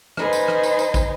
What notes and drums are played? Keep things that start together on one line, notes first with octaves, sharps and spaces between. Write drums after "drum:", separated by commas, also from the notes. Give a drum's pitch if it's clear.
D#4 B4 C5 D#5 G#5, drum: rim click
drum: tambourine
drum: rim click
drum: tambourine
drum: tambourine
drum: kick, tambourine